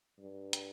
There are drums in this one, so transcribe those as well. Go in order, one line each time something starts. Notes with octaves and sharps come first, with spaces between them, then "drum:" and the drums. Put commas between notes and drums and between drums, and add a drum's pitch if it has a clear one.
G2
drum: hi-hat